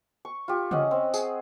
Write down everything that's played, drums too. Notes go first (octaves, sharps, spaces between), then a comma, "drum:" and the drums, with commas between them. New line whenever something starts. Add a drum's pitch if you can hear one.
C#6
F4 G4
C#4 D#5 F#5, drum: tom C#3
C4
G#4, drum: tambourine